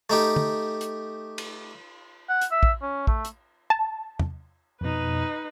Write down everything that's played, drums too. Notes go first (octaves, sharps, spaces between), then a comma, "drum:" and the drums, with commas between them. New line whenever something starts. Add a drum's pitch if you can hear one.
A3 D#4 G4
drum: tom
drum: hi-hat
drum: cymbal
F#5
drum: hi-hat
E5
drum: kick
C#4
A3, drum: kick
drum: hi-hat
A5
drum: tom E2
F2 B2 D#4 B4